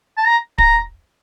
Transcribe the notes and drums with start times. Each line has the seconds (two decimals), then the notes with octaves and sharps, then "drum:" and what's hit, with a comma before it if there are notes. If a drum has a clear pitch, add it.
0.17 A5
0.26 A#5
0.58 A#5, drum: kick